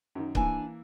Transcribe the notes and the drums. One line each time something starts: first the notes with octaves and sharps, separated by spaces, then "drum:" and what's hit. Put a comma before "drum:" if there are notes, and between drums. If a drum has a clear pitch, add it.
F#2 D#3
E3 A#3 D4 G#5, drum: kick C#1